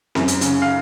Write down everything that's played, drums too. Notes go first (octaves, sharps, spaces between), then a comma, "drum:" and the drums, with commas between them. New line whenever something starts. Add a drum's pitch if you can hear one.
F#2, drum: snare C4
drum: hi-hat
C#3, drum: hi-hat
F5